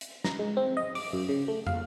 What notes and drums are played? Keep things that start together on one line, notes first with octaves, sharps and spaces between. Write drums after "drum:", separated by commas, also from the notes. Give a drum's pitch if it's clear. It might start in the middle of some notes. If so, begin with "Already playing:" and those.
drum: hi-hat
A#5, drum: snare
G#3
C4
D#5
D6, drum: open hi-hat
F#2
C#3
A3
F5, drum: tom